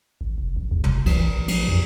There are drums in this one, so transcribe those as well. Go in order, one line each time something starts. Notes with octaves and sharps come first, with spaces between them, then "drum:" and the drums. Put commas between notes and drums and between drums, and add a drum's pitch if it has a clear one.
G#1
F1
A#1
D#2
F1, drum: tom
E3, drum: kick, cymbal
A#1
F3, drum: cymbal
F2